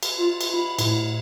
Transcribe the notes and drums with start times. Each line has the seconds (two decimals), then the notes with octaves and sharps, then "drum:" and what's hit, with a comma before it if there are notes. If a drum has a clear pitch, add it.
0.03 drum: cymbal
0.17 F4
0.41 drum: cymbal
0.54 B5
0.79 A2, drum: cymbal